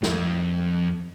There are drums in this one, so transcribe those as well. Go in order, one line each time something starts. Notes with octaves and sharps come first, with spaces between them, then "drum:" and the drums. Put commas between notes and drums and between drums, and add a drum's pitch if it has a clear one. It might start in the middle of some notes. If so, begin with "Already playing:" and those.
F2, drum: snare